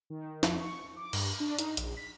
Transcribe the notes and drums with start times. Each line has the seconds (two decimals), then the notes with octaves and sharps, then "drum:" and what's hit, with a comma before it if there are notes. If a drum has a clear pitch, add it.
0.10 D#3
0.43 F2, drum: snare
0.60 C#6
0.96 D6
1.13 G2, drum: cymbal
1.40 D4
1.59 D#4, drum: hi-hat
1.77 A#1, drum: hi-hat
1.97 B6